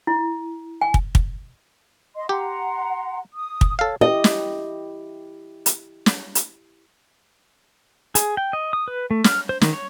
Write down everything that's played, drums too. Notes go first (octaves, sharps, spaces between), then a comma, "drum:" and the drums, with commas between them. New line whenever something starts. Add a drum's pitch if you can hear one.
E4
G#5
drum: kick
drum: kick
D#5 C6
G4 F#5 A#5 C6
D#6
drum: kick
A4 C#5 F5
E4 G4 D#5
drum: snare
drum: hi-hat
drum: snare
drum: hi-hat
G#4, drum: hi-hat
G5
D#5
D#6
B4
A3
F6, drum: snare
C5
D#3, drum: snare
C#5